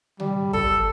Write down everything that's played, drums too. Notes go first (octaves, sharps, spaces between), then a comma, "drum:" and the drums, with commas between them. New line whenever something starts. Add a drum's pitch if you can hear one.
G3, drum: tom
A4, drum: kick